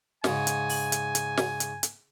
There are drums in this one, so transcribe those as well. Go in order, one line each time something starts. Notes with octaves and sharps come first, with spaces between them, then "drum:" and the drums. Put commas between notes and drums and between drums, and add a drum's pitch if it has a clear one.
G#2 C#3 G#5, drum: snare
drum: hi-hat
drum: open hi-hat
drum: hi-hat
drum: hi-hat
drum: snare
drum: hi-hat
drum: hi-hat